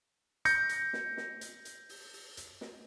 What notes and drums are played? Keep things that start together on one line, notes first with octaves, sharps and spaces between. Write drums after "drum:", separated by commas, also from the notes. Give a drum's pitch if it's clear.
G6 A#6 C#7, drum: hi-hat
drum: hi-hat
drum: snare
drum: snare
drum: hi-hat
drum: hi-hat
drum: open hi-hat
drum: open hi-hat
drum: hi-hat
drum: snare